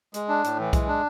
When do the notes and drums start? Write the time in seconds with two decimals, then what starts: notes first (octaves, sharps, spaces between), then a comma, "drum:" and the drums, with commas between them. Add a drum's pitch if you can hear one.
0.14 G#3, drum: hi-hat
0.29 D4
0.44 A2, drum: hi-hat
0.59 E3
0.73 G#3, drum: kick B1, hi-hat
0.88 D4